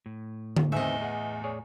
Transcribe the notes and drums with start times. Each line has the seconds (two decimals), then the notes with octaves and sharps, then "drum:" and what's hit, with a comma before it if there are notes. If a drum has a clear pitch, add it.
0.06 A2
0.57 drum: tom D3
0.72 E2 D#3 C4 D#5 E5
1.02 G#4 F#5
1.44 G#4 C#5 D5